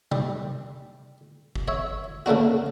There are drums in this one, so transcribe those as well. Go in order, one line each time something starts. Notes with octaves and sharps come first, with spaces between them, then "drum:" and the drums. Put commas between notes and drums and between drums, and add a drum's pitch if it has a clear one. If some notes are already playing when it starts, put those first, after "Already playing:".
G3, drum: tom C3
drum: kick G1
C#5 E5
C#3 A3 A#3 D4 F#4